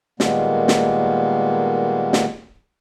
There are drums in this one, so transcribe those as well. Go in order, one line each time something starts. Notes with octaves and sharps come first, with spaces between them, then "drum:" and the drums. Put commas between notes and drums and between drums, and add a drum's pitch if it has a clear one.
A#2 D#3 G3 G#3 A#3 B3, drum: snare
drum: snare
drum: snare